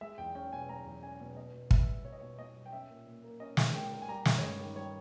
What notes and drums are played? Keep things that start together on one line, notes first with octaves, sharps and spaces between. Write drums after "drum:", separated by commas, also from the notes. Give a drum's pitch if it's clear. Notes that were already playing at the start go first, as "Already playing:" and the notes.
G#3 E5
E2 G5
C#4 G5
B2 G#5
G#3 A#5
E2
C#4 G#5
B2
B3 D#5
B2
B2 E5, drum: kick
G3
B3 C#5
D#5
C#5
B2
B2 D#5
G3
G5
C#4 E5
A#2
A#2
A#3
C#4 D#5
A#2, drum: snare
A#2 G5
A#3
G#5
G3 A#5
G2, drum: snare
C#5
C#4 D#5
D#3
G3 C#5